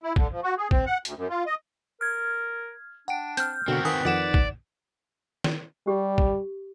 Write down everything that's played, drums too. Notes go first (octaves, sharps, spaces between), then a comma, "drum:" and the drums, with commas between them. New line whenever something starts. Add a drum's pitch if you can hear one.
E4
D3, drum: kick
F3
F#4
G#4
C4, drum: kick
F#5
D2, drum: hi-hat
F#2
F4
D#5
A#4 F6 G#6
D4 F#5 G5 D7
C4 F6 G6, drum: hi-hat
B2 D3 C4 F#4 A#4 F5
D#3 A#4 B4 F5 G#5 D#6
F2 D#3 D#4 D5 F#5 E7
drum: kick
drum: snare
G3 G4
drum: kick